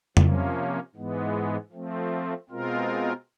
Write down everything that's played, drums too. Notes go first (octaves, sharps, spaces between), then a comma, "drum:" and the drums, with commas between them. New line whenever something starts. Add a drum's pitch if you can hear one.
C3 F3 A#3 C#4, drum: tom
G#2 E3 G#3 B3
F3 A3 C4
B2 G#3 C4 F4 A#4